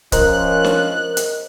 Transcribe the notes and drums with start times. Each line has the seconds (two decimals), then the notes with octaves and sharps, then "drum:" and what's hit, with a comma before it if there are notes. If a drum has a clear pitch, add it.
0.12 F3 C#4 A#4 C5 D#5 F#6, drum: kick C#1, hi-hat
0.64 drum: snare
1.17 drum: hi-hat